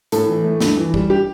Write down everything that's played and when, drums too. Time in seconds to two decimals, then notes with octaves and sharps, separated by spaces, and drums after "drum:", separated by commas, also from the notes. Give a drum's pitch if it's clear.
0.12 A2 A4, drum: hi-hat
0.28 E3
0.44 A3
0.61 G2, drum: snare
0.77 E3
0.94 G3, drum: kick
1.10 G4